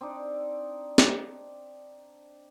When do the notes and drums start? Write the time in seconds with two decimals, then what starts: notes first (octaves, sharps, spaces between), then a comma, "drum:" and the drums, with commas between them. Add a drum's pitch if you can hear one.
0.01 C4 D4 D#4 D5
0.98 drum: snare